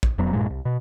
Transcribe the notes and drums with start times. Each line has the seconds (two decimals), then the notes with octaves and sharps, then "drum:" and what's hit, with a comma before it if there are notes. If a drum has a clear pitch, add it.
0.03 drum: kick
0.18 E1 F2 F#3 B3
0.33 B1 G2 A#2 G#3
0.50 C2
0.65 B2